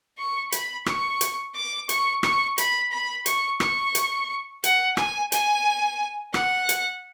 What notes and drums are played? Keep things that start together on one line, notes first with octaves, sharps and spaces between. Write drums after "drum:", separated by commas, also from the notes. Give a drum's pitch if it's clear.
C#6
B5, drum: hi-hat
C#6, drum: rim click
drum: hi-hat
D6
C#6, drum: hi-hat
C#6, drum: rim click
B5, drum: hi-hat
B5
C#6, drum: hi-hat
C#6, drum: rim click
drum: hi-hat
F#5, drum: hi-hat
G#5, drum: rim click
G#5, drum: hi-hat
F#5, drum: rim click
drum: hi-hat